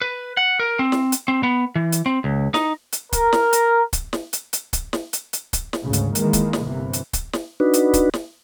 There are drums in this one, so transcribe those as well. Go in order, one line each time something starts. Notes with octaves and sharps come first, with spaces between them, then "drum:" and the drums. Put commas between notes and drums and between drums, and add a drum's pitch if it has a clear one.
B4
F#5
A#4
C4
drum: snare
drum: hi-hat
C4
B3
E3
drum: hi-hat
C4
C#2
D#4, drum: snare
drum: hi-hat
A#4, drum: kick, hi-hat
drum: snare
drum: hi-hat
drum: kick, hi-hat
drum: snare
drum: hi-hat
drum: hi-hat
drum: kick, hi-hat
drum: snare
drum: hi-hat
drum: hi-hat
drum: kick, hi-hat
drum: snare
G#1 D2 G#2 C#3
drum: hi-hat
D#3 E3 G#3 A#3, drum: hi-hat
drum: kick, hi-hat
drum: snare
G1 C3 E3
drum: hi-hat
drum: kick, hi-hat
drum: snare
D4 D#4 F#4 B4
drum: hi-hat
drum: kick, hi-hat
drum: snare